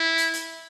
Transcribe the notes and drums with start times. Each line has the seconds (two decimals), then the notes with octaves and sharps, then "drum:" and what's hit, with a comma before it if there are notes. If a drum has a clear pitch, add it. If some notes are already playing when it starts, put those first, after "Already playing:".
Already playing: E4
0.18 drum: hi-hat
0.34 drum: hi-hat